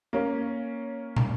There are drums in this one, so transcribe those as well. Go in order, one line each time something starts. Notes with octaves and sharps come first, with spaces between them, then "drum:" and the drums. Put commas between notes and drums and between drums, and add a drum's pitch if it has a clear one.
A#3 C#4
drum: tom